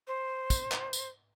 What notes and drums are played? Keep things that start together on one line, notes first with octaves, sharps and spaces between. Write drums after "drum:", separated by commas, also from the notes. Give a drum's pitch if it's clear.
C5
drum: kick, tambourine
drum: clap
drum: tambourine